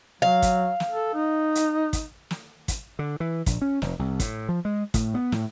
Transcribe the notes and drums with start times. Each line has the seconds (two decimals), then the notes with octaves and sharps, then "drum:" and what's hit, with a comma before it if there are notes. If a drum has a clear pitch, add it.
0.22 F#3 F5
0.42 drum: kick, hi-hat
0.80 drum: snare
0.91 A4
1.14 D#4
1.55 drum: hi-hat
1.93 drum: kick, hi-hat
2.31 drum: snare
2.68 drum: kick, hi-hat
2.99 D3
3.20 E3
3.46 A#1, drum: kick, hi-hat
3.62 C#4
3.82 F1, drum: snare
3.99 C2
4.20 A2, drum: kick, hi-hat
4.49 F3
4.65 G#3
4.94 A2, drum: kick, hi-hat
5.14 B3
5.32 A2, drum: snare